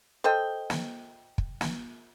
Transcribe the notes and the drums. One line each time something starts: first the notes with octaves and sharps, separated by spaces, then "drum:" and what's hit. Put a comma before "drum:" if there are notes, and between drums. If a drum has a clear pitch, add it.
A4 C5 D#5 G5
drum: snare
drum: kick
drum: snare